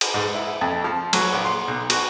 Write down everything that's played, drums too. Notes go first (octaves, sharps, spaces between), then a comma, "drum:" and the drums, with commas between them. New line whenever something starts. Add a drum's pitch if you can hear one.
drum: cymbal
G#2
E4
F2
F3
F#3, drum: cymbal
A#1
C6
B1
F#4, drum: cymbal